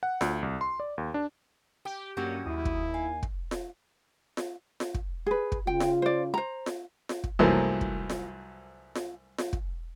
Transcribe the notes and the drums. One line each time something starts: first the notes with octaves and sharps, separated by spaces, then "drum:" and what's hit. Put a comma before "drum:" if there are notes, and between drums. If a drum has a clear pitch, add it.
F#5
D2, drum: snare F4
C2
C6
D5
D#2
D4
G4 G5
G2 F#3 A#3 C#4 F#4 G4
D#2 E4 D#6
drum: kick
F5 G#5
drum: kick
drum: snare F4
drum: snare F4
drum: snare F4
drum: kick
G#4 B4
drum: kick
C#3 F4 G5
drum: snare F4
C5 D5
C5 A#5
drum: snare F4
drum: snare F4
drum: kick
C2 F#2 E3 F3 A3 A#3
drum: kick
drum: snare F4
drum: snare F4
drum: snare F4
drum: kick